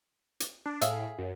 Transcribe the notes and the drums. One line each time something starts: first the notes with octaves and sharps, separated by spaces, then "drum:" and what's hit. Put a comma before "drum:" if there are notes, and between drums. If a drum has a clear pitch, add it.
drum: hi-hat
D4
A2 G#4 E5 F5, drum: hi-hat
F#2